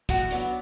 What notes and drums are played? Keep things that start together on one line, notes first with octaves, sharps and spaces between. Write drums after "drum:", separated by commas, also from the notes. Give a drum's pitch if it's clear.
A2 F#4 F#5, drum: kick, hi-hat
F#3 B3 D4, drum: hi-hat